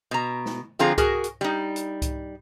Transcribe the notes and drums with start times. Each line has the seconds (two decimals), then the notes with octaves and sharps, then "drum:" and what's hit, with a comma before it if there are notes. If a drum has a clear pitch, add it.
0.11 B2 A#5
0.46 drum: snare
0.79 D3 F3 C4 F4 G#4 A#5
0.98 F#4 G#4 A#4, drum: kick C2, hi-hat
1.24 drum: hi-hat
1.41 G3 D#4
1.76 drum: hi-hat
2.02 drum: kick C2, hi-hat